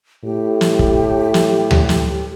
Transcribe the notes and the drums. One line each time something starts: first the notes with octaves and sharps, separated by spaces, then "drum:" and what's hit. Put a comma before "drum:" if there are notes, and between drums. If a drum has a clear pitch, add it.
A2 G4
drum: snare
drum: kick
drum: snare
drum: tom D2
drum: snare